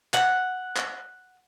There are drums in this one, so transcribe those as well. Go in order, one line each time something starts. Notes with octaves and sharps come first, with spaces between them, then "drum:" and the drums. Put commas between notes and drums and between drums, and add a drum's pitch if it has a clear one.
F#5, drum: clap
drum: clap